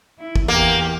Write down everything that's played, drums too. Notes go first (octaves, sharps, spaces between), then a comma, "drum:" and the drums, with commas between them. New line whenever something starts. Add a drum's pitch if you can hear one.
E4
drum: kick G1
E2 A#3 G4